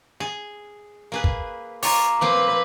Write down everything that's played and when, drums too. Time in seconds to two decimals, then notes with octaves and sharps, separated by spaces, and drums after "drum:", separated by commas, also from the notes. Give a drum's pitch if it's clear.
0.20 G#4
1.12 A#3 G#4 B4
1.24 drum: kick
1.83 F4 C#5 A#5 D6, drum: open hi-hat
2.21 F3 A#3 C4 B4 D6